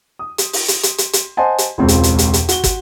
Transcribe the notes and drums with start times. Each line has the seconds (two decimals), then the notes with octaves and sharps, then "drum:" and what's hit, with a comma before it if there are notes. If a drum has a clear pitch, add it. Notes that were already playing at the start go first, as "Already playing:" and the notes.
0.19 D#6
0.38 drum: hi-hat
0.53 drum: open hi-hat
0.68 drum: hi-hat
0.83 drum: hi-hat
0.98 drum: hi-hat
1.13 drum: hi-hat
1.37 C5 D#5 F#5 G#5 A5
1.58 drum: hi-hat
1.78 E1 C#2 C4 F4
1.88 drum: hi-hat
2.03 drum: hi-hat
2.18 drum: hi-hat
2.34 drum: hi-hat
2.49 F#4 G7, drum: hi-hat
2.64 drum: kick, hi-hat